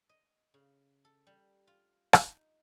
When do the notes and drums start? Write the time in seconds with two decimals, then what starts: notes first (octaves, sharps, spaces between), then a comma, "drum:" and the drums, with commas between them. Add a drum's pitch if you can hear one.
0.09 D#5
0.54 C#3
1.05 A4
1.27 G3
1.67 F4
2.13 D#4, drum: rim click